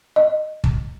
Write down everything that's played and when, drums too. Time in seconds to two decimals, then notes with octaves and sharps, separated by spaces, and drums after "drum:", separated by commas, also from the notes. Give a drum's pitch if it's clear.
0.16 D#5
0.64 drum: kick